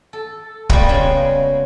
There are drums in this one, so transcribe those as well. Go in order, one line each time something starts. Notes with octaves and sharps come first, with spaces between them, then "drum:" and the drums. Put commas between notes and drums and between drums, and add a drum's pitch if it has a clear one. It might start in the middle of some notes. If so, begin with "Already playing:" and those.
A4
G3 G#3 A#3 B3 F#4, drum: kick
C#3 G#3